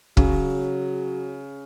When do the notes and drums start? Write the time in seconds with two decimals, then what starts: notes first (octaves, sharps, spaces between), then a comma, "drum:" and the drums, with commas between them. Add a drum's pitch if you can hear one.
0.17 C#3 F#3, drum: kick